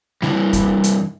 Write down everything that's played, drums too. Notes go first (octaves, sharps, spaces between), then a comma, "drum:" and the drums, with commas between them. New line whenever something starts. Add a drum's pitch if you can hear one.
G2 E3, drum: snare G3
drum: kick, hi-hat
drum: hi-hat